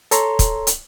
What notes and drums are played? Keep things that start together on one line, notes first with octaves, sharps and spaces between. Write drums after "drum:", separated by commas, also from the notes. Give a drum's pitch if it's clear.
A4 C#5 A#5 C6, drum: hi-hat
drum: kick, hi-hat
drum: hi-hat